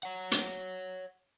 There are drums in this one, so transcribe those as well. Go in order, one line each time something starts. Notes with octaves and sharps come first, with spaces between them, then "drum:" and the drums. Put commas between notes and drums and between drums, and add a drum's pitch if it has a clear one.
C#5 F#5
drum: hi-hat